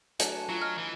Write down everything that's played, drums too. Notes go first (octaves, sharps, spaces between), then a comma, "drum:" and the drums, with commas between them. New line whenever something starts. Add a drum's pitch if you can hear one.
F#3 A3 D4 B4 G#5 A5, drum: hi-hat
C#5 C#7
F#3 F4
D#5 G#5 F6
E3